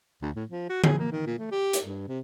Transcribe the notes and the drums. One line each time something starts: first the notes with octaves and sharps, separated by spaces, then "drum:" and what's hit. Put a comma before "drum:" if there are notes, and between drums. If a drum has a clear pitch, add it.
D2
A2
F3
F#4
G#4, drum: tom D3
A#3
D#3
A#2
A3
G4
drum: hi-hat
G2
C3